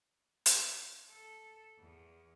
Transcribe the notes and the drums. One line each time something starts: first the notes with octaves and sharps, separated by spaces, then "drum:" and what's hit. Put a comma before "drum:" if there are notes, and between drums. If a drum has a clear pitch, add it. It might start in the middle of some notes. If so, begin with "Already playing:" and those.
drum: hi-hat
A4
E2